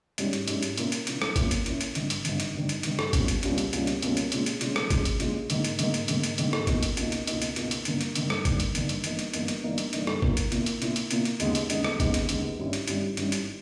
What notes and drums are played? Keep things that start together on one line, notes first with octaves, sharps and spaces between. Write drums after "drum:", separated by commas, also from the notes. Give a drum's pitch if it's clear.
G#2 G3 C#4 E4, drum: hi-hat
drum: hi-hat
G#2 G3 C#4 E4, drum: hi-hat
drum: hi-hat
A#2 A#3 C#4 E4, drum: hi-hat
drum: hi-hat
A#2 A#3 C#4 E4, drum: hi-hat
drum: rim click
A#2 A#3 C#4 E4, drum: kick G#1, hi-hat
drum: hi-hat
A#2 A#3 C#4 E4, drum: hi-hat
drum: hi-hat
G#1 G2 D#3, drum: hi-hat
drum: hi-hat
G#1 G2 D#3, drum: hi-hat
drum: hi-hat
G#1 G2 D#3
drum: hi-hat
G#1 G2 D#3, drum: hi-hat
drum: rim click
C#2 B2 G3 A#3 C#4, drum: kick G#1, hi-hat
drum: hi-hat
C#2 B2 G3 A#3 C#4, drum: hi-hat
drum: hi-hat
C#2 B2 G3 A#3 C#4, drum: hi-hat
drum: hi-hat
C#2 B2 G3 A#3 C#4, drum: hi-hat
drum: hi-hat
A#2 G#3 C#4, drum: hi-hat
drum: hi-hat
A#2 G#3 C#4, drum: hi-hat
drum: rim click
A#2 G#3 C#4, drum: kick G#1, hi-hat
drum: hi-hat
A#2 G#3 C#4, drum: hi-hat
G#2 D#3 A#3 D#4, drum: hi-hat
drum: hi-hat
G#2 D#3 A#3 D#4, drum: hi-hat
drum: hi-hat
G#2 D#3 A#3 D#4, drum: hi-hat
drum: hi-hat
G#2 D#3 A#3 D#4, drum: hi-hat
drum: rim click
C#2 B2 A#3 D#4, drum: kick G#1, hi-hat
drum: hi-hat
C#2 B2 A#3 D#4, drum: hi-hat
drum: hi-hat
C#2 B2 A#3 D#4, drum: hi-hat
drum: hi-hat
C#2 B2 A#3 D#4, drum: hi-hat
drum: hi-hat
G2 D#3 A#3, drum: hi-hat
drum: hi-hat
G2 D#3 A#3, drum: hi-hat
drum: rim click
G2 D#3 A#3, drum: kick G#1, hi-hat
drum: hi-hat
G2 D#3 A#3, drum: hi-hat
drum: hi-hat
G1 G2 E3 A#3 D#4, drum: hi-hat
drum: hi-hat
G1 G2 E3 A#3 D#4, drum: hi-hat
drum: hi-hat
G1 G2 E3 A#3 D#4
drum: hi-hat
G1 G2 E3 A#3 D#4, drum: hi-hat
drum: rim click
A#2 A#3 E4, drum: kick G#1
drum: hi-hat
A#2 A#3 E4, drum: hi-hat
drum: hi-hat
A#2 A#3 E4, drum: hi-hat
drum: hi-hat
A#2 A#3 E4, drum: hi-hat
drum: hi-hat
D#2 C#3 G#3 B3 D#4, drum: hi-hat
drum: hi-hat
D#2 C#3 G#3 B3 D#4, drum: hi-hat
drum: rim click
D#2 C#3 G#3 B3 D#4, drum: kick G#1, hi-hat
drum: hi-hat
D#2 C#3 G#3 B3 D#4, drum: hi-hat
G#1 G2 G3 C#4 E4
drum: hi-hat
G#1 G2 G3 C#4 E4, drum: hi-hat
G#1 G2 G3 C#4 E4, drum: hi-hat
drum: hi-hat